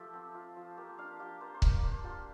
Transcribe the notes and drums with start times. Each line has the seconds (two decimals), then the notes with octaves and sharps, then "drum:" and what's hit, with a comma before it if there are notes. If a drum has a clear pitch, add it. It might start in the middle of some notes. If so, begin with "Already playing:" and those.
Already playing: F3 A3 G4 A4
0.13 C4
0.34 F4
0.56 F3
0.77 A#3 G4
0.98 D4 F5
1.19 F4 G4
1.41 A#3 C5
1.54 C5
1.62 A#3 D5, drum: kick C#1
1.83 D4 C5
2.04 F4 G4